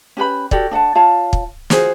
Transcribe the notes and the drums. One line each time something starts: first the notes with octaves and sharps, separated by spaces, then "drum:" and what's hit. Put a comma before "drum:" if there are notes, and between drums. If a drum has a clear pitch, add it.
C#4 G4 B4 B5
F#4 G4 A4 D5, drum: kick
D4 D5 F#5 A5
F4 C#5 F5 A5
drum: kick
F4 F#4 G#4 C5, drum: snare